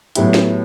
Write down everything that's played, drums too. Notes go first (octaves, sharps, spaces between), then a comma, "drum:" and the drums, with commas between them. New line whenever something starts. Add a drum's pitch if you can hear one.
A2 F#3 B3 E4 G4, drum: hi-hat
drum: snare